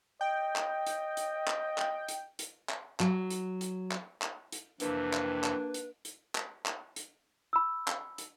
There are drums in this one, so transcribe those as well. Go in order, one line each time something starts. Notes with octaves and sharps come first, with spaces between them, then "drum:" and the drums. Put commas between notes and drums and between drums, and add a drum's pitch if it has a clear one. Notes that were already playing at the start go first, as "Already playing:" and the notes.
D#5 G5
drum: clap
drum: hi-hat
drum: hi-hat
drum: clap
drum: clap
drum: hi-hat
drum: hi-hat
drum: clap
F#3, drum: clap
drum: hi-hat
drum: hi-hat
drum: clap
drum: clap
drum: hi-hat
F2 C3 E3 A#3 D4 B4, drum: hi-hat
drum: clap
drum: clap
drum: hi-hat
drum: hi-hat
drum: clap
drum: clap
drum: hi-hat
B5 E6
drum: clap
drum: hi-hat